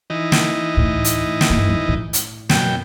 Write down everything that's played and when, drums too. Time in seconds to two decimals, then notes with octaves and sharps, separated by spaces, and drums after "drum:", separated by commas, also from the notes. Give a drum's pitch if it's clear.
0.10 E3 D#4
0.32 drum: snare
0.77 D2 A2
1.04 drum: hi-hat
1.41 drum: snare
1.50 G2 A#3
1.69 D#3 F3
1.89 A2
2.13 drum: hi-hat
2.49 F#2 B2 G5, drum: snare